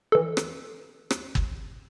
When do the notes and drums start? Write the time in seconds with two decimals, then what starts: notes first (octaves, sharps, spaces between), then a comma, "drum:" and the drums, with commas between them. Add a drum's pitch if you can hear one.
0.12 E3 A4
0.37 drum: rim click
1.11 drum: rim click
1.35 drum: kick